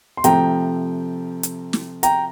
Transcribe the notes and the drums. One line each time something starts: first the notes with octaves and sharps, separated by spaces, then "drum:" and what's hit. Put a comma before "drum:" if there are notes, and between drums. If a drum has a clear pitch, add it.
C6
C3 F3 A3 G5 A#5, drum: hi-hat
drum: hi-hat
drum: snare
G5 A#5, drum: hi-hat